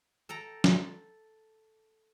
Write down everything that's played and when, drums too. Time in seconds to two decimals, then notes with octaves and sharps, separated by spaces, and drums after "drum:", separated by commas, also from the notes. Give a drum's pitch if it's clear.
0.29 A4 G5 A#5
0.64 drum: snare